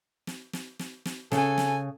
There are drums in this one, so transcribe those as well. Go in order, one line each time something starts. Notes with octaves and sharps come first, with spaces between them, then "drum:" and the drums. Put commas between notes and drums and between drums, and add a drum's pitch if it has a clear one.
drum: snare
drum: snare
drum: snare
drum: snare
C#3 A4 G#5, drum: snare
drum: snare